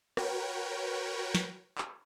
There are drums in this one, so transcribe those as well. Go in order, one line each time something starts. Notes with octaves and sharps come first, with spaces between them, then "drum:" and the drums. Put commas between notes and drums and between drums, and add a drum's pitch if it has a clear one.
F#4 A#4 B4 C#5 G5, drum: rim click
drum: snare
drum: clap